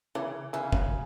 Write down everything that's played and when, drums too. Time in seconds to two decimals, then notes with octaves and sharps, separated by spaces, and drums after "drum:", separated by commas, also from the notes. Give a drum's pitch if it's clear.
0.15 C#3 E3
0.53 C#3 E3
0.72 F#3, drum: kick